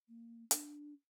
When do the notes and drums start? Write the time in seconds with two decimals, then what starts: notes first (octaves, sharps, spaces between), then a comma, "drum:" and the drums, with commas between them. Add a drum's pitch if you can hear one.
0.08 A#3
0.51 D4, drum: hi-hat